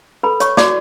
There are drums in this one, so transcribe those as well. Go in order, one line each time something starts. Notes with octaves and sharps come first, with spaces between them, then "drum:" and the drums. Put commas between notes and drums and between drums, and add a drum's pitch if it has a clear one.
A4 B4 B5
C#5 C#6, drum: hi-hat
F#4 D5 D6, drum: snare